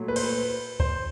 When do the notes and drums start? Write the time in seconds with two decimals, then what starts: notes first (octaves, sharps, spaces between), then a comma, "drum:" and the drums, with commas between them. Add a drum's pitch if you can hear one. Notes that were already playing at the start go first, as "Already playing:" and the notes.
Already playing: A#2 F#3 A3
0.08 B4
0.16 C5, drum: cymbal
0.23 B4
0.80 C5, drum: kick D2